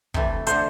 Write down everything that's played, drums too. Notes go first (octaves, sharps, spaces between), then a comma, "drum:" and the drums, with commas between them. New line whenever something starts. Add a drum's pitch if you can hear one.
C3 E3 A3, drum: kick
D3 A3 C5, drum: hi-hat